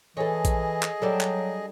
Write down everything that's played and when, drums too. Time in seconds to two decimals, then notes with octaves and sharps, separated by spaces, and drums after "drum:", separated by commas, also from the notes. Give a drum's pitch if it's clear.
0.17 E3 G#4 A4 C#5 D#5
0.45 drum: kick A#1, hi-hat
0.83 drum: clap
1.02 F#3 G3 D4 A4
1.21 drum: clap